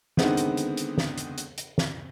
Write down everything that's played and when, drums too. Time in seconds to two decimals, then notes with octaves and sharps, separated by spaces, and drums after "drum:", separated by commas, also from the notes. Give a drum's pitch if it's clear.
0.17 D3 D#3 G#3 B3 C4, drum: snare
0.37 drum: hi-hat
0.57 drum: hi-hat
0.77 drum: hi-hat
0.98 drum: snare
1.18 drum: hi-hat
1.38 drum: hi-hat
1.58 drum: hi-hat
1.78 drum: snare